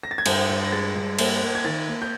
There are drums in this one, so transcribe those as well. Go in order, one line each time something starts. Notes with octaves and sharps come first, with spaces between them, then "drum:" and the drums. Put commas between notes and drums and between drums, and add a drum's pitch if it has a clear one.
A#6
A6
G#6
G2 G6, drum: cymbal
G2
A#6
G#3 A6
G2
A#3, drum: cymbal
A#3
G#6
D#3 A6
A#3
G6